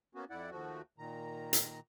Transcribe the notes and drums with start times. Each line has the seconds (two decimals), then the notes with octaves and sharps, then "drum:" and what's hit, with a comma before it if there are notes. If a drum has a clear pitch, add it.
0.15 A#3 B3 C#4 F#4
0.30 F2 E4 D5 F#5
0.51 D#2 F3 A3 F#4
0.98 A#2 D#3 A#5
1.53 drum: hi-hat